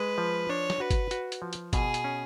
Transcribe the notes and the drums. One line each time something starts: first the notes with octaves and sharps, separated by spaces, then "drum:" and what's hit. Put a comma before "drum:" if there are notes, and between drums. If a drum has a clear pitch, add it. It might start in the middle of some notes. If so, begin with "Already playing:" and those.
Already playing: G#3 B4
F3
D4 C#5
drum: snare
F#4 B4
drum: kick G1, hi-hat
F#4, drum: hi-hat
drum: hi-hat
F3
drum: hi-hat
B2 G#4, drum: kick G1, hi-hat
drum: hi-hat
C#4